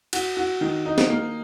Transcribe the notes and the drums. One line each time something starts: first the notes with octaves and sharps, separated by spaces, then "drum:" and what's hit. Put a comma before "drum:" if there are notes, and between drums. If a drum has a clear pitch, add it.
F#4, drum: cymbal
F#4
D#3
D#4
drum: snare
A#3